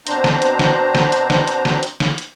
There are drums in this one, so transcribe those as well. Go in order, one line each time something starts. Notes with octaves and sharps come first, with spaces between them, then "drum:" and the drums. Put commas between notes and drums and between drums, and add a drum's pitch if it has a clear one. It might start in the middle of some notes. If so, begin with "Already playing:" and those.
B2 C4 D4 C5 A#5, drum: hi-hat
drum: snare
drum: hi-hat
drum: snare
drum: snare
drum: hi-hat
drum: snare
drum: hi-hat
drum: snare
drum: hi-hat
drum: snare
drum: hi-hat